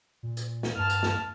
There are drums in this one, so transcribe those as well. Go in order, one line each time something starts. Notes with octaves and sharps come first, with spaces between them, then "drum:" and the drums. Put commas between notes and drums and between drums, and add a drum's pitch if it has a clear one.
A#2
drum: hi-hat
drum: snare
G2 A5 F6
drum: hi-hat
drum: snare